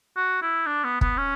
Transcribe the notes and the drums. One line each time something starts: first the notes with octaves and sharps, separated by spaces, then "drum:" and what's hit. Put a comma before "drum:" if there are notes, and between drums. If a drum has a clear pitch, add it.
F#4
E4
D4
B3
B3, drum: kick
C#4